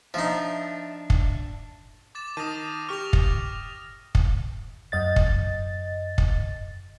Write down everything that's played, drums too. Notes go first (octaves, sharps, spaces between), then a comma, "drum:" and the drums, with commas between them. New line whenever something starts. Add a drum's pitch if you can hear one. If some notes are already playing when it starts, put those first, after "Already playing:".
F3 D4 D#4 E5
drum: kick
D6 A6 E7
D#3 A5 D#6 A#6 D#7
G4 C#6 F6 A#6 F7
drum: kick
drum: kick
F#2 D#5 A6
drum: kick
drum: kick